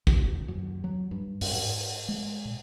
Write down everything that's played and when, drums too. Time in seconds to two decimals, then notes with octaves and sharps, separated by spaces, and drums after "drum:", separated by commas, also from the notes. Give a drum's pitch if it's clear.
0.07 E1, drum: kick
0.48 F#2
0.84 F#3
1.11 G2
1.41 F#2, drum: open hi-hat
1.53 G#2
2.08 G#3
2.45 A#2